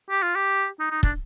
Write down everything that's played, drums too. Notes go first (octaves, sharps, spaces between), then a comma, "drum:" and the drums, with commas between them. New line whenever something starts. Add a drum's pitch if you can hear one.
G4
F4
G4
D#4
D#4
D4, drum: kick